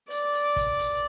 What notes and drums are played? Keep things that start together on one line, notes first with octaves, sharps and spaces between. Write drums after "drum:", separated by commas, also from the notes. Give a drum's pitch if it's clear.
D5, drum: hi-hat
drum: hi-hat
drum: kick, hi-hat
drum: hi-hat